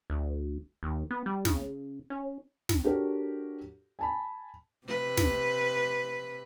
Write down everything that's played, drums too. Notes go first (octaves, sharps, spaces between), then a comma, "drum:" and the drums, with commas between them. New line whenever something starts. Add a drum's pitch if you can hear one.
D2
D#2
B3
G3
C#3, drum: snare
C#4
drum: snare
D4 F#4 G4 A4 A#4 C#5
G#5 A5 B5
C3 B4
drum: snare